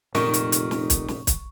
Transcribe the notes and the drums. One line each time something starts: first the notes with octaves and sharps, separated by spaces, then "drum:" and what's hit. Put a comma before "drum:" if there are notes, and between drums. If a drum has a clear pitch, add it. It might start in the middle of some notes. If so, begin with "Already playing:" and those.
F1 A#2 D#3 C#6, drum: snare
drum: hi-hat
drum: hi-hat
drum: snare
drum: kick, hi-hat
drum: snare
drum: kick, hi-hat